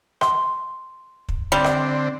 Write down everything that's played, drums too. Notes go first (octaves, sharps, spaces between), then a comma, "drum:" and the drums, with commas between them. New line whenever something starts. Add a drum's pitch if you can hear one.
C6, drum: rim click
drum: kick
D3 G3 C4
drum: rim click